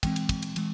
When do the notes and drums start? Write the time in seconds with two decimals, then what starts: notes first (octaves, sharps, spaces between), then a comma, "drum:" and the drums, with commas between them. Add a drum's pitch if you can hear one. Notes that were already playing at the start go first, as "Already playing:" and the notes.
0.03 E3 G#3 C4 G5, drum: kick, cymbal
0.16 drum: cymbal
0.29 drum: kick, cymbal
0.42 drum: cymbal
0.56 E3 G#3, drum: cymbal